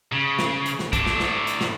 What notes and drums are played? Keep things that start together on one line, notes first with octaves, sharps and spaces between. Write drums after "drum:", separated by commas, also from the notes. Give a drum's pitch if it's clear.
C#3
drum: snare
drum: hi-hat
drum: snare
A2 D4, drum: kick, hi-hat
drum: snare
drum: snare
drum: hi-hat
drum: snare